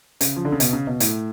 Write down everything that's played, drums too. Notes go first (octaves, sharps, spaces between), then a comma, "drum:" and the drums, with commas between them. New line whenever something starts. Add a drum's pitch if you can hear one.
C#3, drum: hi-hat
F3
D3
C#3
B2, drum: hi-hat
C#3
B2
A2, drum: hi-hat